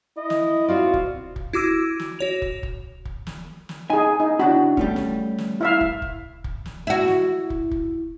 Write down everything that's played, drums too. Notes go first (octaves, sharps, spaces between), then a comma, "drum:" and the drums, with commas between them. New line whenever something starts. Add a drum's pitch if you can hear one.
E4 D#5
drum: snare
C4 F4 F#4 D5
drum: kick
drum: kick
E4 F#4 D6 E6 D#7
drum: snare
F#4 C#5 F7
drum: kick
drum: kick
drum: kick
drum: snare
drum: snare
D#4 G#4 G#5
D#4
C#3 D4 E4 F#4
G3 A3 C#4, drum: kick
drum: snare
drum: snare
E4 E5 F5
drum: kick
drum: kick
drum: kick
drum: snare
E4 F#4
drum: snare
drum: kick
drum: kick